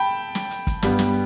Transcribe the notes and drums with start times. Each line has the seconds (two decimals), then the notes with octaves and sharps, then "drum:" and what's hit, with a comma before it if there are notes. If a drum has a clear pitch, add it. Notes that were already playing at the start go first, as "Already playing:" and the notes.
Already playing: G5 A5 B5
0.35 drum: snare
0.51 drum: hi-hat
0.67 drum: kick, hi-hat
0.82 G2 G3 B3, drum: snare
0.99 drum: snare